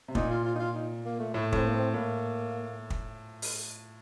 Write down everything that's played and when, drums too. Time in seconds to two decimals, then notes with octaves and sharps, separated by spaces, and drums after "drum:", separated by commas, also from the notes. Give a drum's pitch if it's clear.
0.08 C3
0.15 A#2 D#4, drum: kick
0.30 F4
0.45 F4
0.55 D#4
0.59 F4
0.75 D#4
1.04 A#3
1.20 A3
1.34 A2 A3
1.52 A2 C4, drum: kick
1.66 A#3
1.74 C4
1.93 A2 A#3
2.90 drum: kick
3.42 drum: open hi-hat